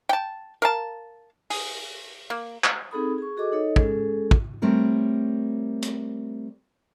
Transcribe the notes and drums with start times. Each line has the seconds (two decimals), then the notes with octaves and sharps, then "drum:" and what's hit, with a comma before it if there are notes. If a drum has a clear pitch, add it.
0.09 G5 A5
0.62 A#4 F5 A5
1.50 G#4, drum: open hi-hat
2.30 A#3
2.64 drum: clap
2.91 C4 D#4 G#4 A4 B5 D#6
3.18 G#4 C#6
3.37 F#4 G#4 A4 D#5 D6
3.52 D#4 A4 C#5 D#5
3.76 G#3 C#4 G#4 A4, drum: kick
4.31 drum: kick
4.62 G3 A3 C4 A#4 C#5
5.82 drum: hi-hat